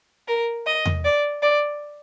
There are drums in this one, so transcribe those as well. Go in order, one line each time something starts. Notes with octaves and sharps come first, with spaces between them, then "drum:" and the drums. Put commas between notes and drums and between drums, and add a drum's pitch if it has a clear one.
A#4
D#5
drum: tom E2
D5
D5